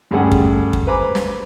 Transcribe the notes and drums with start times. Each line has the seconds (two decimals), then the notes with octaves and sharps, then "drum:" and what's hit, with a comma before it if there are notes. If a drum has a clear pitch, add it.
0.11 D2 G2 C#4 G#4 A4 F#5
0.32 drum: kick
0.73 drum: kick
0.87 B4 C5 G#5 A#5 B5 D6
1.15 drum: snare